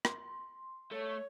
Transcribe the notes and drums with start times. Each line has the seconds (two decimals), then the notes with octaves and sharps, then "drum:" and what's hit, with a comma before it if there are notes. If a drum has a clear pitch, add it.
0.05 C6, drum: rim click
0.92 A3 A4 C#5